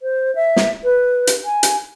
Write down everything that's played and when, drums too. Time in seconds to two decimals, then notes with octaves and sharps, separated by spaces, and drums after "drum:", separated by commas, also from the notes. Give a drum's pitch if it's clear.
0.02 C5
0.35 E5
0.56 drum: snare
0.84 B4
1.27 drum: hi-hat
1.45 G#5
1.63 drum: hi-hat